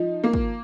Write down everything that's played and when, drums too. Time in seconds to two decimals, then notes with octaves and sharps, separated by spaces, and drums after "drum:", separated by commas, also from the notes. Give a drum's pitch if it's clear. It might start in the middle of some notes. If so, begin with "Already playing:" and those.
Already playing: F3 D#4
0.24 A#3
0.33 drum: kick